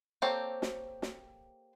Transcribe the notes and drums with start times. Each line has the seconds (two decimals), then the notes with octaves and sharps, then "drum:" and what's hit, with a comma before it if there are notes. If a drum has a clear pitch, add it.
0.22 A#3 C4 G4 A4 C#5
0.62 drum: snare
1.02 drum: snare